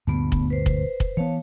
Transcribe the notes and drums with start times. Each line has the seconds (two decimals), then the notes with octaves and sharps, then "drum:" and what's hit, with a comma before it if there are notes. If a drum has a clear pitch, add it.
0.07 D2 G2 A#2 A3 B3
0.32 drum: kick
0.50 B4 C5
0.66 drum: kick
1.00 drum: kick
1.17 E3 B3 C#5 F5 A5